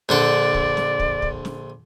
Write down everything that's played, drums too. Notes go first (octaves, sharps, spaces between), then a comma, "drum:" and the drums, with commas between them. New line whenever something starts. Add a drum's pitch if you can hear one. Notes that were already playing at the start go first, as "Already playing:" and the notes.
A#1 D3 A4 D5, drum: snare
drum: kick
drum: snare
drum: kick
drum: kick
drum: snare